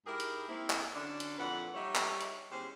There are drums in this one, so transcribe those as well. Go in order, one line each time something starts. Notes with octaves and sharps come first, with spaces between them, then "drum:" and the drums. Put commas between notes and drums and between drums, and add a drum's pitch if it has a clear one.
G#2 E4 G4 G#4 A#4
drum: hi-hat
A#3 C4 E4
drum: clap
D3 F#3 C#4 D4
drum: hi-hat
F2 A#2 E3 B4 F#5
G3 D#4 G4 C#5 D#5 E5
drum: clap
drum: hi-hat
E2 G#3 C#4 G4 C5